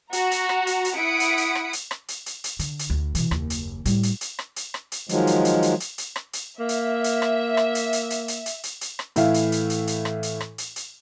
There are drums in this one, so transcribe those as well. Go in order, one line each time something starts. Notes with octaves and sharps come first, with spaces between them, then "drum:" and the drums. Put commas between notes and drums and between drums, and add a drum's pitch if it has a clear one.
F#4 A#5, drum: hi-hat
drum: hi-hat
drum: rim click
drum: hi-hat
drum: hi-hat
E4 F#5 D#6 B6 C#7 D7
drum: hi-hat
drum: hi-hat
drum: rim click
drum: hi-hat
drum: rim click
drum: hi-hat
drum: hi-hat
drum: hi-hat
D3, drum: hi-hat
drum: hi-hat
D2
B2 E3, drum: hi-hat
F#1 D#2, drum: rim click
drum: hi-hat
A2 G3, drum: hi-hat
drum: hi-hat
drum: hi-hat
drum: rim click
drum: hi-hat
drum: rim click
drum: hi-hat
D#3 F3 F#3 G#3, drum: hi-hat
drum: hi-hat
drum: hi-hat
drum: hi-hat
drum: hi-hat
drum: hi-hat
drum: rim click
drum: hi-hat
A#3 E5
drum: hi-hat
drum: hi-hat
drum: rim click
drum: rim click
drum: hi-hat
drum: hi-hat
drum: hi-hat
drum: hi-hat
drum: hi-hat
drum: hi-hat
drum: hi-hat
drum: rim click
A2 E3 E4 E5 F5, drum: hi-hat
drum: hi-hat
drum: hi-hat
drum: hi-hat
drum: hi-hat
drum: rim click
drum: hi-hat
drum: rim click
drum: hi-hat
drum: hi-hat